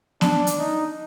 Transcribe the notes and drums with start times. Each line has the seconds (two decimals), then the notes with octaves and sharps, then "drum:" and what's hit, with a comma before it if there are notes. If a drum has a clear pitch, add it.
0.21 D4, drum: snare B3
0.47 drum: hi-hat
0.59 D#4